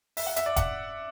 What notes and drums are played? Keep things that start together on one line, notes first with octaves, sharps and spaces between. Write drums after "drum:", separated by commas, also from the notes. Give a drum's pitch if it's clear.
E5, drum: open hi-hat
F#5
E5, drum: hi-hat
D5
F#5, drum: kick, hi-hat